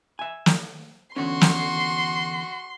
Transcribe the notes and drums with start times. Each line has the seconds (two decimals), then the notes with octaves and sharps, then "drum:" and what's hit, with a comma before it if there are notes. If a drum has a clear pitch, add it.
0.19 E5 G#5
0.46 drum: snare
1.16 E2 D3 C#4 F#4 C6
1.41 drum: snare